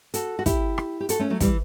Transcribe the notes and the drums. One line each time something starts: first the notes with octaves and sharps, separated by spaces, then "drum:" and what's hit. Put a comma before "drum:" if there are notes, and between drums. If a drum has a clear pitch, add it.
F#4 A4, drum: hi-hat
F#4
E4 G4, drum: kick, hi-hat
drum: rim click
G4
F#4 A4, drum: hi-hat
A3 C#4
F#3 A3
E3 G3, drum: kick, hi-hat